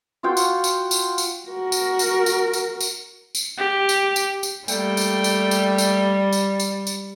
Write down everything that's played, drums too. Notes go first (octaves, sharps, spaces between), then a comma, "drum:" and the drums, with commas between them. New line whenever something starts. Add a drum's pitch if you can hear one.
F4 F#4 F5 G5
drum: tambourine
drum: tambourine
drum: tambourine
drum: tambourine
F#4 A#4
drum: tambourine
drum: tambourine
drum: tambourine
drum: tambourine
drum: tambourine
drum: tambourine
G4
drum: tambourine
drum: tambourine
drum: tambourine
G3 A3 A#3 G5, drum: tambourine
drum: tambourine
drum: tambourine
drum: tambourine
drum: tambourine
drum: tambourine
drum: tambourine
drum: tambourine